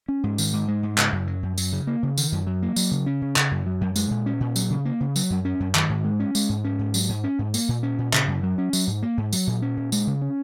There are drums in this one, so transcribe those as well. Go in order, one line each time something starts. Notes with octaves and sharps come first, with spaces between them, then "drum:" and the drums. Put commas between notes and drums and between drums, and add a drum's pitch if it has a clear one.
C#4
G#2
D#3, drum: tambourine
G#2
G#3
G#2
C#3, drum: clap
F#2
F#3
F#2
F#3, drum: tambourine
C#3
A#3
C#3
D#3, drum: tambourine
F#2
F#3
A#3
F#3, drum: tambourine
C#3
C#4
C#3
C#3, drum: clap
F#2
F#3
F#2
G#3, drum: tambourine
A#2
C#4
A#2
F#3, drum: tambourine
C#3
A#3
C#3
F#3, drum: tambourine
F#2
C#4
F#2
D#3, drum: clap
G#2
G#3
C#4
G#3, drum: tambourine
G#2
C#4
G#2
F#3, drum: tambourine
G#2
C#4
G#2
A#3, drum: tambourine
A#2
C#4
A#2
C#3, drum: clap
F#2
F#3
C#4
F#3, drum: tambourine
G#2
A#3
G#2
F#3, drum: tambourine
A#2
C#4
A#2
G#3, drum: tambourine
C#3
C#4